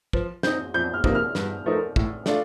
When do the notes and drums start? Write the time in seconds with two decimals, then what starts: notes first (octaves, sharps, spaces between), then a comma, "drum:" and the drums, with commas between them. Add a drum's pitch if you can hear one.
0.13 F3, drum: kick
0.43 C4 D#4 G6, drum: snare
0.74 F2 G6
0.94 F6
1.04 C3 F3 A#3 D#4, drum: kick
1.15 F6
1.35 G2, drum: snare
1.66 F3 A3 D#4 A#4
1.96 A2, drum: kick
2.26 A3 D4 F4, drum: snare